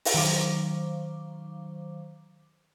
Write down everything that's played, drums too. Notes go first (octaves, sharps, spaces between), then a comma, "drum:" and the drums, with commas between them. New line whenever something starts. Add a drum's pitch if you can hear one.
drum: open hi-hat
D#3 F#3 C5 F5 D6